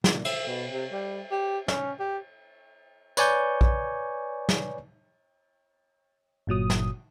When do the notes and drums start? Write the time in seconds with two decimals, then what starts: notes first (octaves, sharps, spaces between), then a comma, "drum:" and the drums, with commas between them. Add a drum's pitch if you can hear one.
0.04 A#2, drum: snare
0.25 E5, drum: cymbal
0.47 B2
0.72 C3
0.92 G3
1.31 G4
1.68 C#4, drum: snare
2.00 G4
3.17 B4 C#5 D5 G#5 C#6 G6, drum: tambourine
3.61 drum: kick A#1
4.49 drum: snare
6.47 G1 A#2 F#3 D#6
6.70 drum: snare